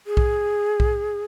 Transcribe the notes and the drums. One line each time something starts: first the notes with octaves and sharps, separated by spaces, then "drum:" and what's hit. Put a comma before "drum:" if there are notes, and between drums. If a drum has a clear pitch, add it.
G#4
drum: kick B1
drum: kick B1